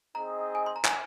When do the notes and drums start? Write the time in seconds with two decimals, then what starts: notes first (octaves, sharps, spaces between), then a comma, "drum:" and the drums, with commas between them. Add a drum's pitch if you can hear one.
0.15 C4 D#4 G#4 D#5 A#5
0.55 G#5
0.66 C6
0.76 A#5
0.85 G#5, drum: clap